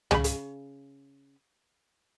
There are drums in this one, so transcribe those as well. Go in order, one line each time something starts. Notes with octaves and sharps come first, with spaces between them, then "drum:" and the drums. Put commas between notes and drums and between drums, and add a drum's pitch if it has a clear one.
C#3 D#4 B5, drum: tom C#2
drum: hi-hat